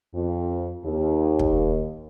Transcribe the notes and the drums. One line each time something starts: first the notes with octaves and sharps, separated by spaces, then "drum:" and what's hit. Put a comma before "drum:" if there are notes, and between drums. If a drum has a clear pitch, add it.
F2
D#2
drum: kick